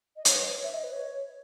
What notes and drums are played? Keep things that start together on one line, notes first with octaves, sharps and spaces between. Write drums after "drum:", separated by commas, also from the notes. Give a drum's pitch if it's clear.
D#5
C#5, drum: hi-hat
B4
C#5
E5
D#5
B4
C#5